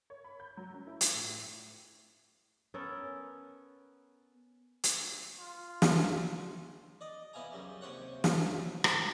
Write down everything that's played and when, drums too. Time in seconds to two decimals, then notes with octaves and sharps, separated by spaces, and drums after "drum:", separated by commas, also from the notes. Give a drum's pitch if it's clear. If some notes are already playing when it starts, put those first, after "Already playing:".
0.10 C#5
0.24 B5
0.40 G6
0.57 F#3
0.74 C#4
0.87 E4
1.01 F4, drum: hi-hat
1.13 A2
2.74 B3 C#4 A4 A#4
4.84 drum: hi-hat
5.39 F4
5.82 drum: snare
7.01 D5 D#5
7.33 E2 B3 E4 F4 G#5 A#5
7.52 C#2 F#2 G3
7.81 D#2 C3 C5 C#5 F#5
8.24 drum: snare
8.84 drum: rim click